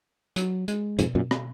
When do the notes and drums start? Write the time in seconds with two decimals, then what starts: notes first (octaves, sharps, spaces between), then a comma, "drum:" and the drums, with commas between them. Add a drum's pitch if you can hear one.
0.36 F#3, drum: hi-hat
0.68 G#3, drum: hi-hat
0.99 F2 G#2 B2, drum: hi-hat
1.15 F#2 A#2
1.31 drum: rim click